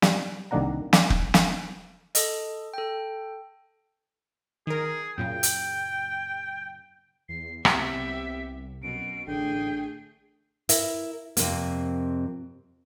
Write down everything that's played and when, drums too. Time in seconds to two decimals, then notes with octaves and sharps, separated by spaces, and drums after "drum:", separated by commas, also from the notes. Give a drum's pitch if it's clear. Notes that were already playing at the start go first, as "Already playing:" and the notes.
0.02 G3, drum: snare
0.51 C2 D#3 A#3 D4 F#5 A#5
0.93 D5, drum: snare
1.10 drum: kick
1.34 drum: snare
2.15 A4 D#5, drum: hi-hat
2.74 A4 G5
4.67 D#3 G#4 A#4
5.18 F#2 A#2 C#3 G5
5.43 drum: hi-hat
7.29 E2 C7
7.65 C2 C3 B3 G4 E5, drum: rim click
8.83 F#2 B2 D7
9.27 A1 D3 A3 G#4 G5
10.69 E4 A#4 E5, drum: hi-hat
11.37 F2 C3 A#3, drum: hi-hat